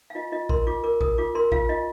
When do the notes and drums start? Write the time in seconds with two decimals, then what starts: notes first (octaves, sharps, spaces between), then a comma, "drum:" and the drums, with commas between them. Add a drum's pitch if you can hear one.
0.10 F5
0.15 F4 D#5
0.32 F4 D#5
0.49 A#4 C6, drum: kick A1
0.67 F4 D6
0.84 A#4 D6
1.01 A#4 D#6, drum: kick A1
1.18 F4 D6
1.35 A#4 C6
1.52 F4 F5, drum: kick A1
1.69 F4 D#5